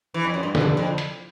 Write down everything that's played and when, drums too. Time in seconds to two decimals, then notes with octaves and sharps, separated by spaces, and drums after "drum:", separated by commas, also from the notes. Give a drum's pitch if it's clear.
0.14 E3
0.25 F2
0.34 F#2
0.43 G2
0.55 D3, drum: snare
0.60 F2
0.67 D3
0.77 F2
0.98 drum: hi-hat